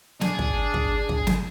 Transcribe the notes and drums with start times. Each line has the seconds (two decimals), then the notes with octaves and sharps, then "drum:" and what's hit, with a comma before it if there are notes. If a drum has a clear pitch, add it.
0.21 D4 G#4, drum: snare
0.39 drum: kick
0.74 drum: kick
1.09 drum: kick
1.27 drum: snare